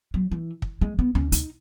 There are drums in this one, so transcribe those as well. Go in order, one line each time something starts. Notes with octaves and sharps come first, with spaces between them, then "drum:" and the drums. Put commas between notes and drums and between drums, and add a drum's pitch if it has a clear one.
F#3
E3
drum: kick
G#3
B3
C#4, drum: tom D2
D#4, drum: hi-hat